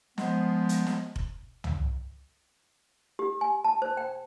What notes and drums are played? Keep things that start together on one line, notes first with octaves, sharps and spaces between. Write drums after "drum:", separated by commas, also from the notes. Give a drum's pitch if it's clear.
F3 G#3 B3, drum: snare
drum: hi-hat
drum: snare
drum: kick F1
drum: tom
G4
G#5
A5
C5
G5